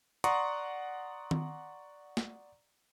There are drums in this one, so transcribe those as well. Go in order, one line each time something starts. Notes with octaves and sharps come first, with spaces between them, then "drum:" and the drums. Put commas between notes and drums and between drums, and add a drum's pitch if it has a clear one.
D5 F#5 A#5 C6 C#6 D#6, drum: hi-hat
drum: tom D#3
drum: snare